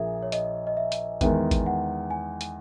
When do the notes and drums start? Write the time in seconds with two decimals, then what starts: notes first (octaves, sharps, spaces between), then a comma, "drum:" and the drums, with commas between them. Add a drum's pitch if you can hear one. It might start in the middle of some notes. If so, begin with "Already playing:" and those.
Already playing: A#1 A#2 A#3 G#4 E5
0.22 C#5
0.32 D#5, drum: hi-hat
0.67 D#5
0.77 E5
0.92 drum: hi-hat
1.21 E2 D#3 G#3 E5, drum: kick, hi-hat
1.51 drum: kick, hi-hat
1.66 F#5
2.11 G#5
2.41 drum: hi-hat